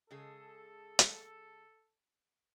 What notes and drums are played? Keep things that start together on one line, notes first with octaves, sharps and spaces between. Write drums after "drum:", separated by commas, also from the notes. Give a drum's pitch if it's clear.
C#3 G#3 G#4 A4
drum: hi-hat